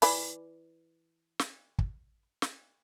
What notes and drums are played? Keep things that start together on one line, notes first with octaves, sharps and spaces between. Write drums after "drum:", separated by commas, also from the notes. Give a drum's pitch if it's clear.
E3 D5 B5, drum: open hi-hat
drum: snare
drum: kick
drum: snare